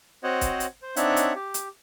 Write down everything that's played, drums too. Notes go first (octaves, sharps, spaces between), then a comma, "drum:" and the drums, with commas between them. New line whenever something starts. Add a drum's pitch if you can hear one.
C4 F#4 C5 C#5 D#5 F#5
drum: kick, hi-hat
drum: hi-hat
C5
C4 D4 D#4 C#5 E5 F#5, drum: hi-hat
drum: hi-hat
G4
drum: hi-hat